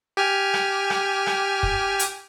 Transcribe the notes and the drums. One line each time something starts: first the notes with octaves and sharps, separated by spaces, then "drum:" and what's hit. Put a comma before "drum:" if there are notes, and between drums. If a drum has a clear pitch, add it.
G4 G#5 F6
drum: rim click
drum: rim click
drum: rim click
drum: kick
drum: hi-hat